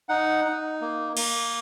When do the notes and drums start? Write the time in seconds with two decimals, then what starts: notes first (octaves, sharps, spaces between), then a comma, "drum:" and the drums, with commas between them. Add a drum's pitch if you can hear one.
0.09 D#4 F#5
0.45 D#4
0.81 A#3
1.17 A#3, drum: cymbal